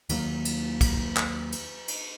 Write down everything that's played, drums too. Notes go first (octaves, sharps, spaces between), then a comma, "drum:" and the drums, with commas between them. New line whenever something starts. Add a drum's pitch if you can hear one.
D#2 D#3 F#3 A#3, drum: cymbal
drum: cymbal
drum: kick, cymbal
drum: clap
drum: cymbal
drum: cymbal